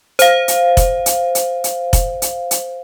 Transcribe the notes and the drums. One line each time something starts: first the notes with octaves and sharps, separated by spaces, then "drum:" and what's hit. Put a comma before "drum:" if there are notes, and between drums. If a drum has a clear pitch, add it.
C5 F5, drum: hi-hat
drum: hi-hat
drum: kick F1, hi-hat
drum: hi-hat
drum: hi-hat
drum: hi-hat
drum: kick F1, hi-hat
drum: hi-hat
drum: hi-hat